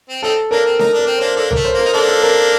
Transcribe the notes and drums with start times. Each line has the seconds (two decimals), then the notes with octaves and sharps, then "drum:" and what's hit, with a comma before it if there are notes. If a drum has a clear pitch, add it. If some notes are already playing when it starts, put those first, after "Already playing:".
0.09 C4
0.23 C4 D#4 A4
0.51 A#3 D4 A#4
0.66 C4
0.79 D#4 A#4, drum: snare D4
0.94 D4
0.99 A#4
1.07 C4
1.18 A#3 D4 C5
1.36 A#3 D4 A4
1.51 A#4, drum: tom
1.56 A3
1.64 C5
1.74 A#3 A#4
1.85 D#4
1.93 A#3 D4 A4
2.08 A4
2.22 A#4